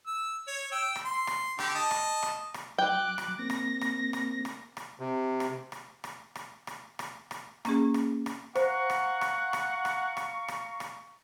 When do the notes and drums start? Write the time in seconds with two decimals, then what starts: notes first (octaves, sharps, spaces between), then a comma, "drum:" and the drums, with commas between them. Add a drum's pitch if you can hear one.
0.07 E6
0.48 C#5
0.72 G5 E6
0.96 drum: rim click
1.05 C6
1.27 drum: rim click
1.59 D3 G4, drum: rim click
1.75 D#5 A5
1.91 drum: rim click
2.23 drum: rim click
2.54 drum: rim click
2.78 F#3 G5 D6 F#6
3.18 drum: rim click
3.39 A#3 C4 A#6
3.50 drum: rim click
3.81 drum: rim click
4.13 drum: rim click
4.45 drum: rim click
4.77 drum: rim click
5.00 C3
5.40 drum: rim click
5.72 drum: rim click
6.04 drum: rim click
6.35 drum: rim click
6.67 drum: rim click
6.99 drum: rim click
7.31 drum: rim click
7.65 A#3 C#4 G#4, drum: rim click
7.94 drum: rim click
8.26 drum: rim click
8.55 C5 F5 F#5 A#5 C#6, drum: rim click
8.90 drum: rim click
9.21 drum: rim click
9.53 drum: rim click
9.85 drum: rim click
10.17 drum: rim click
10.48 drum: rim click
10.80 drum: rim click